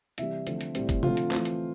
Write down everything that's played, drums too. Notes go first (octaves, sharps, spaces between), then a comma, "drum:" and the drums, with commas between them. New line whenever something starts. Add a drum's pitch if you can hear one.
C3 E3 G3 E5, drum: hi-hat
D3 F3 A3 C4, drum: hi-hat
drum: hi-hat
A2 G3 C4, drum: hi-hat
drum: kick, hi-hat
D3 F3 A3 C4 F4, drum: tom C3
drum: hi-hat
E3 A3 C4, drum: clap
drum: hi-hat